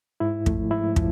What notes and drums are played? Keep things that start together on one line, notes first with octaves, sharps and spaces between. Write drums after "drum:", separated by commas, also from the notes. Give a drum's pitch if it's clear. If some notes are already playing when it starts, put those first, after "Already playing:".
G#2 E4
F3 A3, drum: kick
G#2 E4
F3, drum: kick